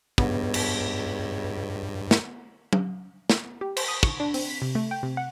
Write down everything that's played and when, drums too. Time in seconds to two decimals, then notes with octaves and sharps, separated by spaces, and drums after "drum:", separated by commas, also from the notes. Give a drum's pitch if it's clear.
0.18 C#2 G2 B3, drum: kick
0.54 drum: cymbal
2.11 drum: snare
2.73 drum: tom F#3
3.30 drum: snare
3.61 G4
3.77 C5, drum: cymbal
3.88 D#6
4.03 C#6, drum: kick
4.20 D4
4.34 C4, drum: open hi-hat
4.49 B6
4.62 C3
4.75 A3
4.91 G5
5.03 C3
5.17 F#5